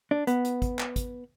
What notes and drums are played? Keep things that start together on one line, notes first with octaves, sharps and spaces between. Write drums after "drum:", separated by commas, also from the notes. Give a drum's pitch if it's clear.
D4
B3, drum: hi-hat
drum: hi-hat
drum: kick, hi-hat
drum: clap
drum: kick, hi-hat